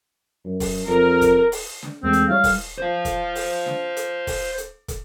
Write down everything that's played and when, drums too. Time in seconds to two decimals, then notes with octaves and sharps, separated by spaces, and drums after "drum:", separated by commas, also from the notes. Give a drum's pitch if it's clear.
0.45 F#2
0.60 drum: kick, open hi-hat
0.87 F2 A#4
1.21 drum: kick, hi-hat
1.52 drum: open hi-hat
1.83 drum: snare
2.03 E2 G#3 A3 C4
2.13 drum: hi-hat
2.29 G3 E4 C#5 F5
2.44 drum: kick, open hi-hat
2.78 C5 F5
3.05 drum: kick, hi-hat
3.35 drum: open hi-hat
3.66 drum: snare
3.97 drum: hi-hat
4.27 drum: kick, open hi-hat
4.58 drum: hi-hat
4.88 drum: kick, hi-hat